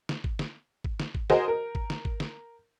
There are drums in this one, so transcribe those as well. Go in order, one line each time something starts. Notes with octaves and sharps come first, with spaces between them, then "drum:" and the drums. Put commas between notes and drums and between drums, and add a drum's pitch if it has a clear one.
drum: snare
drum: kick
drum: snare
drum: kick
drum: snare
drum: kick
F#4 G#4 A#4 C5 D#5, drum: snare
A#4
drum: kick
drum: snare
drum: kick
drum: snare